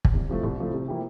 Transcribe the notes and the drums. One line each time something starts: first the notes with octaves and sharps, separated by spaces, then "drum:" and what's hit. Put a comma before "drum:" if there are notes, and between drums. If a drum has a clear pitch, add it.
drum: kick
C2
C3 F3 A3 E4
C2
C3 F3 A3 E4
C3
F3 A#3 E4 G4